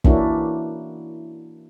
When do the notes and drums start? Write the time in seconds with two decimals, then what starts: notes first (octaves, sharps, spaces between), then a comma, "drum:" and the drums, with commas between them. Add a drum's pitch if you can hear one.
0.04 E3 A#3 C#4 D4 E4 F#4, drum: kick